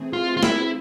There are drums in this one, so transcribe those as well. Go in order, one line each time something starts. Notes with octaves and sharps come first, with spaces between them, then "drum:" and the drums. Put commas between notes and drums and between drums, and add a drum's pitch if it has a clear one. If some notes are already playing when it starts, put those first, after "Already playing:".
Already playing: E3 A3 C4 G#4
F4
F4
E4, drum: snare